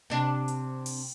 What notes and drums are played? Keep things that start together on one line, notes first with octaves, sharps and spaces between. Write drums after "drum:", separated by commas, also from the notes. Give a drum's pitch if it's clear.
C3 D4
drum: hi-hat
drum: open hi-hat